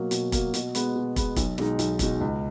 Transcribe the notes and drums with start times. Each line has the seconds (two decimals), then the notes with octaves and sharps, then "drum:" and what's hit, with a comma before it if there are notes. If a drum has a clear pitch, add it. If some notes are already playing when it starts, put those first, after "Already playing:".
Already playing: B2 F#3 A#3
0.11 B2, drum: hi-hat
0.32 F#3 A#3, drum: kick, hi-hat
0.54 B2, drum: hi-hat
0.75 G#3 B3, drum: hi-hat
0.95 B2
1.16 G#3 B3, drum: kick, hi-hat
1.36 B1, drum: kick, hi-hat
1.58 B2 G#3 D#4, drum: snare
1.79 B1, drum: hi-hat
1.99 B2 G#3 D#4, drum: kick, hi-hat
2.21 C#2